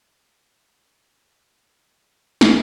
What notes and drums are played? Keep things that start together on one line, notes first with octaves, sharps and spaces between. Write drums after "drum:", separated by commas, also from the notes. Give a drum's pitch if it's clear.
E5 F5
drum: snare